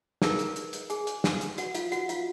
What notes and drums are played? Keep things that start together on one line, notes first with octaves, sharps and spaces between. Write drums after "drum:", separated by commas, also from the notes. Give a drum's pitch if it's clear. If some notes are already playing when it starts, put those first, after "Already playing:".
D#4 G#4 A#4 B4 A#5, drum: snare
drum: hi-hat
drum: hi-hat
drum: hi-hat
G#4 G#5, drum: hi-hat
drum: hi-hat
drum: snare
drum: hi-hat
F#4 F#5, drum: hi-hat
F4 F5, drum: hi-hat
F#4 F#5, drum: hi-hat
F4 F5, drum: hi-hat